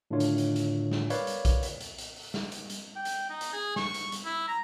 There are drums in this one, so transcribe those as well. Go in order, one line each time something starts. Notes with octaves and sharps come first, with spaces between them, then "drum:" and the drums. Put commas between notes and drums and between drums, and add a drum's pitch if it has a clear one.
A2 D3 D#3 D4 F4 C#5
drum: hi-hat
drum: hi-hat
drum: hi-hat
drum: snare
A#4 B4 C#5 D5 F5, drum: hi-hat
drum: hi-hat
drum: kick B1, hi-hat
drum: hi-hat
drum: hi-hat
drum: hi-hat
drum: open hi-hat
drum: snare
drum: hi-hat
drum: hi-hat
G5
drum: hi-hat
D#4
drum: hi-hat
G#4
C#6, drum: snare
drum: hi-hat
drum: hi-hat
E4
A#5